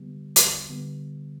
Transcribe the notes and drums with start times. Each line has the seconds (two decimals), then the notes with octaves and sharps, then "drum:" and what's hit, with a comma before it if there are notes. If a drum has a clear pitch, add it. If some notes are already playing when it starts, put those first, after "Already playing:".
Already playing: D3 G3 B3
0.36 drum: hi-hat
0.69 D3 G3 B3